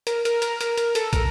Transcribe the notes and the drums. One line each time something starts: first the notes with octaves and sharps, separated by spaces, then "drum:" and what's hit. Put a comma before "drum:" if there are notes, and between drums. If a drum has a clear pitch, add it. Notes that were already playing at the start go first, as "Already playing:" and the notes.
A#4, drum: hi-hat
A#4, drum: hi-hat
A#4, drum: hi-hat
A#4, drum: hi-hat
A#4, drum: hi-hat
A4, drum: hi-hat
A#4, drum: kick, hi-hat